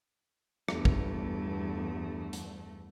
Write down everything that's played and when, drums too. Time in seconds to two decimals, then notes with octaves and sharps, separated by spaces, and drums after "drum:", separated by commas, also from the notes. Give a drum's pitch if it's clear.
0.68 G1 E2 G2 A3, drum: rim click
0.85 drum: kick
2.33 drum: hi-hat